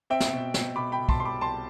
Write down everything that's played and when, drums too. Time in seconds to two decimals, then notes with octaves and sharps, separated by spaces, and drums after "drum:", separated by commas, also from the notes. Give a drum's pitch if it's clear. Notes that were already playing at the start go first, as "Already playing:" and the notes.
0.10 C4 E5 G5
0.20 drum: snare
0.33 B2
0.54 B2, drum: snare
0.76 B2 B5 D6
0.92 G5 B5
0.98 B2
1.09 A5 C6, drum: kick
1.20 C2 C6
1.25 B5 D6
1.41 C2 A5 C6